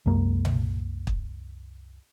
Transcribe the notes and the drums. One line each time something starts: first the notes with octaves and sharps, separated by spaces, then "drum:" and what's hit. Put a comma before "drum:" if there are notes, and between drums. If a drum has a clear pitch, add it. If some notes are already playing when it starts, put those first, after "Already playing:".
C2 F#2 G#3 A#3
drum: tom A#2
drum: kick